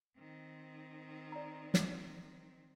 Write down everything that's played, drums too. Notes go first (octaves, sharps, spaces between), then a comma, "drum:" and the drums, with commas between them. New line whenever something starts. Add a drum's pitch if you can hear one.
D#3 C4
D5 A#5
drum: snare